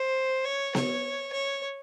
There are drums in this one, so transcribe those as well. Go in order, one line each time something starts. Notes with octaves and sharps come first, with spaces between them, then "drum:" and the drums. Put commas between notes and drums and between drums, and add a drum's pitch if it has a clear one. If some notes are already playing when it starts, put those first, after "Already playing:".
Already playing: C5
C#5
C#5, drum: snare B3
C#5